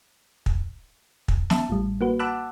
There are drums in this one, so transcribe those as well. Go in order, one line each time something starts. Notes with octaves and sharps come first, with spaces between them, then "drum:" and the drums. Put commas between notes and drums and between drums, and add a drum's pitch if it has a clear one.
drum: kick
drum: kick
E5 A5, drum: snare
A1 A2 G3
A#3 F#4 B4
F#5 A5 B5 D6 E6 F#6